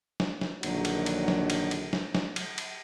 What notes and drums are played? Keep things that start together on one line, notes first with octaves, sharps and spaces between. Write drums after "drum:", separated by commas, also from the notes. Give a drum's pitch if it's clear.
drum: snare
drum: snare
A#1 D3 D#3 F#3, drum: cymbal
drum: cymbal
drum: cymbal
drum: snare
drum: cymbal
drum: cymbal
drum: snare
drum: snare
drum: cymbal
drum: cymbal